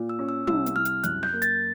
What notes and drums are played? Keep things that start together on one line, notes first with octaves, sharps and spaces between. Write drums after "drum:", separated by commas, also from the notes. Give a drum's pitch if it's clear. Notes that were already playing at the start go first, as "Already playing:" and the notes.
Already playing: A#2
E6
C#4
E6
C2 E6, drum: tom
drum: hi-hat
C2 F6
drum: hi-hat
F#2 F#6, drum: hi-hat
G6, drum: snare
A#3
A6, drum: hi-hat